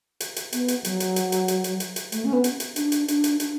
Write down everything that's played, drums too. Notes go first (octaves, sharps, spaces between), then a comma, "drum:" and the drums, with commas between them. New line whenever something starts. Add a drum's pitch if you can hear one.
drum: hi-hat
drum: hi-hat
B3, drum: hi-hat
drum: hi-hat
F#3, drum: hi-hat
drum: hi-hat
drum: hi-hat
drum: hi-hat
drum: hi-hat
drum: hi-hat
drum: hi-hat
drum: hi-hat
A3, drum: hi-hat
C#4
B3
drum: hi-hat
drum: hi-hat
D4, drum: hi-hat
drum: hi-hat
D4, drum: hi-hat
drum: hi-hat
D4, drum: hi-hat